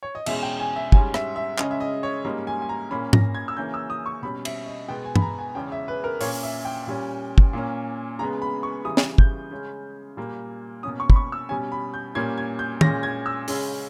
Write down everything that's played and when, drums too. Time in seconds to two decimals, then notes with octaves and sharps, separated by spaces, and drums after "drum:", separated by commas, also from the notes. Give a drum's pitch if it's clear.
0.03 C#5
0.15 D#5
0.26 E2 B2 G#3 C#4 E5, drum: cymbal
0.43 G5
0.60 G#5
0.76 E5
0.92 G#2 G3 C#4 G#5, drum: kick
1.14 E5, drum: rim click
1.36 E5
1.58 C#3 G#3 C#4 D#5, drum: clap
1.71 E5
1.80 D#5
2.03 C#5
2.24 G#2 G3 A#3 C#4 D#5
2.47 G#5
2.62 G#5
2.69 A#5
2.91 A#2 A#3 C#4 B5
3.13 A#6, drum: tom G#2
3.35 G#6
3.48 E6
3.57 C#3 E3 A#3 C#4 G6
3.74 E6
3.90 D#6
4.06 C#6
4.22 B2 G3 C#4 B5
4.45 E5, drum: cymbal
4.66 D#5
4.88 B2 G#3 B3 G5
5.05 G#5
5.16 B5, drum: tom G2
5.22 A#5
5.39 G#5
5.55 E2 C#3 G#3 C#4 G5
5.72 E5
5.88 B4
6.04 A#4
6.21 A#2 A#3 C#4 C#5, drum: open hi-hat
6.43 E5
6.65 G5
6.87 A#2 G3 C#4
7.38 drum: kick
7.53 A#2 A#3 C#4
8.19 C#3 G#3 B3 A#5
8.42 B5
8.63 C#6
8.85 C#3 E3 G3 D#6
8.97 drum: snare
9.18 G6, drum: kick
9.51 C#3 G#3 C#4
10.17 A#2 G3 A#3
10.83 B2 A#3 C#4 D#6
11.00 C#6
11.10 B5, drum: kick
11.16 C#6
11.32 E6
11.49 B2 G3 C#4 G#5
11.72 B5
11.94 G6
12.15 A#2 G3 A#3 C#4 G#6
12.38 G#6
12.59 G6
12.81 A#2 G#3 C#4 A#6, drum: tom
13.03 G#6
13.26 E6
13.48 C#3 G#3 C#4, drum: open hi-hat